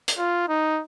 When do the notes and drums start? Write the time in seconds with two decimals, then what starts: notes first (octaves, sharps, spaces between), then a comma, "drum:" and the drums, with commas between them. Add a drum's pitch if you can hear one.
0.08 drum: hi-hat
0.18 F4
0.49 D#4